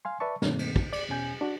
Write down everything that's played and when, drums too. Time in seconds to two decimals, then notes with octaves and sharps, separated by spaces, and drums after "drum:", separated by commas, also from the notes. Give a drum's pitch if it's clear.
0.05 F5 G#5 C6
0.20 B4 D5 E5 A5 C#6
0.42 G2 B2 D#3 A3 A#3 C4, drum: snare
0.59 drum: cymbal
0.76 drum: kick
0.93 D5, drum: cymbal
1.08 E2 B2 C#4 G#5 G6
1.41 D4 F#4